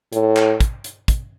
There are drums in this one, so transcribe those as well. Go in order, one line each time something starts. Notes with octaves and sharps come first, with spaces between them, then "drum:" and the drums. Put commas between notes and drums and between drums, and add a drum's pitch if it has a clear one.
A2, drum: hi-hat
drum: clap
drum: kick, hi-hat
drum: hi-hat
drum: kick, hi-hat